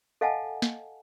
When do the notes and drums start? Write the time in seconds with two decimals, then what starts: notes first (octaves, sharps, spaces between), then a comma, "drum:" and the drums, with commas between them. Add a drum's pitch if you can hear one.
0.21 A4 D#5 F5 F#5 G#5 A5
0.62 drum: snare